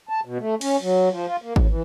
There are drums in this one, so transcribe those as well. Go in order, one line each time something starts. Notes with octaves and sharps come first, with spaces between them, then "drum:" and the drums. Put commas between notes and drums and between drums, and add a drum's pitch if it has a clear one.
A5
B2
A3
C#4, drum: cymbal
F#3
F3
F4
A#3
A2, drum: kick G#1
E3